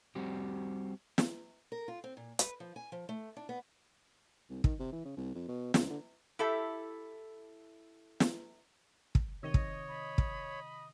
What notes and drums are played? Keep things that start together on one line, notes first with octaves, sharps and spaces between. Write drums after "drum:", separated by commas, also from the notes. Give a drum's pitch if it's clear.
G3 C4 F#4 G4
drum: snare
A#4
F4
C4
A#2
B4, drum: hi-hat
F3
G#5
F3
A3
D4
B3
C2
D#3, drum: kick
C3
E3
C#3
C2
F2
B2
C#2, drum: snare
D3
E4 G4 A4 E5
drum: snare
drum: kick
C3 D#3 C#5 D#5
drum: kick
B5
drum: kick